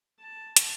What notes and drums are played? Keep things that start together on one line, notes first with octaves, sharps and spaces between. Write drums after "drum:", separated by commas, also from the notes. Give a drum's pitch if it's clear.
A5
drum: hi-hat